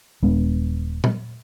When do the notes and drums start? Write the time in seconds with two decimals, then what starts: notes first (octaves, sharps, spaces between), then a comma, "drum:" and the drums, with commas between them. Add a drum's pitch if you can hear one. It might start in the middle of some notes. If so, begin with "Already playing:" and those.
0.23 D#1 G#3 B3 D4
1.04 drum: tom A#2